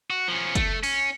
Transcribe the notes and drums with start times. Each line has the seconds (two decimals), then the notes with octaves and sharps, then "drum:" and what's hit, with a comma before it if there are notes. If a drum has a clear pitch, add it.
0.10 F#4
0.28 F3 C#4
0.55 A3, drum: kick, hi-hat
0.83 C#4, drum: open hi-hat